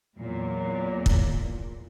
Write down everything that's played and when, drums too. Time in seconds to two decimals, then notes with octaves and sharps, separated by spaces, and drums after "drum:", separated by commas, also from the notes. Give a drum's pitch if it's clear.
0.17 E2 A#2 F#3
1.06 drum: kick